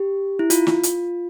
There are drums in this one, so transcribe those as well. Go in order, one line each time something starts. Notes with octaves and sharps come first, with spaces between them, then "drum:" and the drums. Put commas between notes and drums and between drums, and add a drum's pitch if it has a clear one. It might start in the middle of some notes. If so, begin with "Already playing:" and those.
Already playing: G4
E4
F4, drum: hi-hat
drum: snare
drum: hi-hat